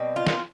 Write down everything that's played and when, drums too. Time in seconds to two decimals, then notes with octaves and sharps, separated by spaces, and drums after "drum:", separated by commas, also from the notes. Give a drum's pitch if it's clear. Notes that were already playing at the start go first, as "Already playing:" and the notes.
Already playing: B2 G3 C4
0.16 F4
0.27 drum: snare